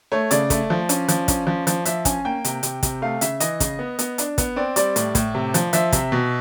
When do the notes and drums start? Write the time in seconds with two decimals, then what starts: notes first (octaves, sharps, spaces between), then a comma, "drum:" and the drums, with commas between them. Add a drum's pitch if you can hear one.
0.12 A3 C#5
0.31 C#3 D5, drum: hi-hat
0.50 A3, drum: kick, hi-hat
0.70 F3
0.89 C#4, drum: hi-hat
1.08 F3, drum: hi-hat
1.28 C#4, drum: kick, hi-hat
1.47 F3
1.67 F3, drum: hi-hat
1.85 F3 E5, drum: hi-hat
2.05 C#4 G#5, drum: kick, hi-hat
2.25 A#3 G5
2.44 C3, drum: hi-hat
2.63 C3, drum: hi-hat
2.83 C3, drum: kick, hi-hat
3.02 A3 F5
3.21 C#3 E5, drum: hi-hat
3.40 E3 D#5, drum: hi-hat
3.60 C#3, drum: kick, hi-hat
3.79 B3
3.99 B3, drum: hi-hat
4.18 D4, drum: hi-hat
4.38 B3, drum: kick, hi-hat
4.56 C4 D5
4.76 G3 D5, drum: hi-hat
4.96 A2, drum: hi-hat
5.15 A2, drum: kick, hi-hat
5.35 C3
5.54 F3, drum: hi-hat
5.73 F3 E5, drum: hi-hat
5.92 C3, drum: kick, hi-hat
6.12 B2